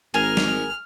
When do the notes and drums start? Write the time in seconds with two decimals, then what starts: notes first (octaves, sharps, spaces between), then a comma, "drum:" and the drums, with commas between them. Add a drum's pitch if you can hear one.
0.14 G#1 G#4 A#4 F6
0.37 drum: snare